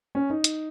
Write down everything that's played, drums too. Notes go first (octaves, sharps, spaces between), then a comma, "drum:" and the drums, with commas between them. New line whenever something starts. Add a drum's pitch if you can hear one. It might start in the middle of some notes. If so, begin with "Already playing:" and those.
C#4
D#4
drum: hi-hat